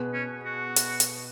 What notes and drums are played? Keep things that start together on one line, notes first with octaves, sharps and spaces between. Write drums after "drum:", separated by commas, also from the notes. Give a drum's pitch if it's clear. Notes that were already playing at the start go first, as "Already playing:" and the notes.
Already playing: B2 B3 G#4 B4
C#4
F#4
drum: hi-hat
drum: hi-hat